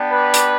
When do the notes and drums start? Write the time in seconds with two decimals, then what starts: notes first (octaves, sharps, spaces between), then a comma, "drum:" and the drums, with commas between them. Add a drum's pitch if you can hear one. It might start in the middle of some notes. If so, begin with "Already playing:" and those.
Already playing: B3 D4 G4
0.10 B4
0.34 drum: hi-hat